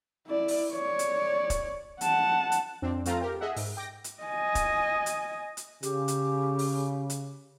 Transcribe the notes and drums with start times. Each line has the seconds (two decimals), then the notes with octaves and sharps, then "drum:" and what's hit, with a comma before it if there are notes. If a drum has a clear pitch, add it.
0.26 E4 D5
0.48 drum: open hi-hat
0.73 C#5 D5
0.99 drum: hi-hat
1.50 drum: kick, hi-hat
2.01 F#5 A5, drum: hi-hat
2.52 drum: hi-hat
2.82 F2 C4 D4
3.06 F2 A3 C4 F4 F5 A#5, drum: hi-hat
3.21 G4 A#4
3.41 G#4 D#5 E5 F#5
3.56 G#2, drum: open hi-hat
3.77 G5 D6 A#6
4.04 drum: hi-hat
4.23 D#5 G#5
4.55 drum: kick, hi-hat
5.06 drum: hi-hat
5.57 drum: hi-hat
5.83 C#3 G4, drum: hi-hat
6.08 drum: hi-hat
6.59 drum: open hi-hat
7.10 drum: hi-hat